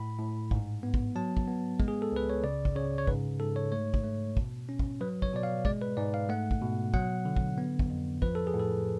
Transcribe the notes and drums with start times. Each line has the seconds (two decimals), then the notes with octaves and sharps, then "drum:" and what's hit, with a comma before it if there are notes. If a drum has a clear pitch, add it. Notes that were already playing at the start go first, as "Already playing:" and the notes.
Already playing: A2 B5
0.19 A2
0.51 G#2, drum: kick
0.83 B3
0.94 drum: kick
1.16 F#3 A5
1.37 drum: kick
1.48 B3
1.80 G#3, drum: kick
1.88 G#4
2.02 A4
2.12 C#2 B4
2.30 C#5
2.44 C#3 D5
2.65 drum: kick
2.76 C#3 C#5
2.98 C#5
3.07 G#2 B4, drum: kick
3.40 G#2 A4
3.56 C#5
3.72 A3 C#5
3.94 drum: kick
4.04 A3
4.37 B2, drum: kick
4.69 C#4
4.79 drum: kick
5.01 F#3 B4
5.22 C#5, drum: kick
5.33 B2 D5
5.43 F5
5.65 G#3 D5, drum: kick
5.82 B4
5.97 G#2 D5
6.14 F5
6.29 A3 F#5
6.51 drum: kick
6.62 B2
6.94 F#3 F#5, drum: kick
7.25 D3
7.36 drum: kick
7.58 B3
7.79 drum: kick
7.90 F2
8.22 F3 B4, drum: kick
8.35 A4
8.47 G#4
8.54 A2
8.60 A4